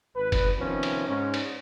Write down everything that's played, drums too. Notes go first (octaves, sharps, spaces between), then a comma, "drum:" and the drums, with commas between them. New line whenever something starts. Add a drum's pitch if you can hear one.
G#1 B4
drum: kick, cymbal
C3 D#3 F3 B3 C#4
drum: cymbal
G#2 C#4
drum: cymbal